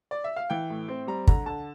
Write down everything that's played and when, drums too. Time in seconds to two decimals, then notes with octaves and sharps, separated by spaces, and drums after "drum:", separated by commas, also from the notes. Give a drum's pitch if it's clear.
0.11 D5
0.24 E5
0.36 F5
0.50 E3 G5
0.70 A2
0.88 C4
1.07 G3 A#5
1.27 D3 A#5, drum: kick
1.46 D3 A5